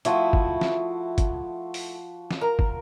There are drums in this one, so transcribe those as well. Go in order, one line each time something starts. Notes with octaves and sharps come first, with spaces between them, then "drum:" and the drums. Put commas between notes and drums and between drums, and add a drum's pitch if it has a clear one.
F3 A3 E4 F#4 D#6, drum: hi-hat
drum: kick
drum: snare
drum: kick, hi-hat
drum: open hi-hat
drum: snare
A#4 A#5
drum: kick